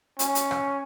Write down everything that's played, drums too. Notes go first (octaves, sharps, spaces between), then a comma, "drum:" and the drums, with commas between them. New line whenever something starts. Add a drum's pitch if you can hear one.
C#4, drum: hi-hat
drum: hi-hat
drum: rim click